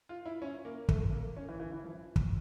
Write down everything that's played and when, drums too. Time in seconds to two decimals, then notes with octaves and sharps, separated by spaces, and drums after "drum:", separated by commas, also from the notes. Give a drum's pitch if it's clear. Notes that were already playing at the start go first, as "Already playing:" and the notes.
0.09 F4
0.26 E4
0.42 C#4
0.65 A#3
0.89 A3, drum: kick
1.12 A#3
1.37 C#4
1.49 E3
1.60 E3
1.72 E3
1.84 F3
2.16 drum: kick